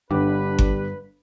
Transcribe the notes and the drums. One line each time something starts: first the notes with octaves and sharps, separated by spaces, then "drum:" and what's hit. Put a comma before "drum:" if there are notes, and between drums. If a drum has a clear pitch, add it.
G1 G2 D3 D4 G4 B4
drum: kick G1